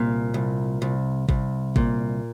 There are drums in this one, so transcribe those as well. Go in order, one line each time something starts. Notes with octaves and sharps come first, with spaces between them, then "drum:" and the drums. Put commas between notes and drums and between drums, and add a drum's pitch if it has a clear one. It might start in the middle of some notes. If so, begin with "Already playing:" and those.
Already playing: C2 A#2
C2
C2
C2, drum: kick G#1
A#2, drum: kick G#1